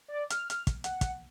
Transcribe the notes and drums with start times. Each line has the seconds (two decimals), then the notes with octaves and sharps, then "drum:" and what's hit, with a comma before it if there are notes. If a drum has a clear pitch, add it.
0.08 D5
0.30 F6, drum: hi-hat
0.50 drum: hi-hat
0.67 drum: kick, hi-hat
0.84 F#5, drum: hi-hat
1.01 drum: kick, hi-hat